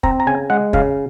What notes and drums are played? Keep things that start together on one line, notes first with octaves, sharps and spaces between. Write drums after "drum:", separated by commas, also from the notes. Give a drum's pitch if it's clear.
C4 A#5, drum: kick
A#5
C#3 G#5
G#3 F#5
C#3 F5, drum: kick